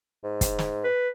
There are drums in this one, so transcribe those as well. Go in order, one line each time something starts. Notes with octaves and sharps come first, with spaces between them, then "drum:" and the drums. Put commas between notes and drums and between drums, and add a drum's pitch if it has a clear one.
G#2
drum: kick, hi-hat
drum: snare
B4